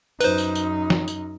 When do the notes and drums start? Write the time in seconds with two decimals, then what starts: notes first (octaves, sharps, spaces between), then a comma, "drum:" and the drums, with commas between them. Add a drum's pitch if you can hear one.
0.20 F#2 D#4 B4 C5, drum: tambourine
0.38 drum: tambourine
0.55 drum: tambourine
0.90 drum: snare
1.08 drum: tambourine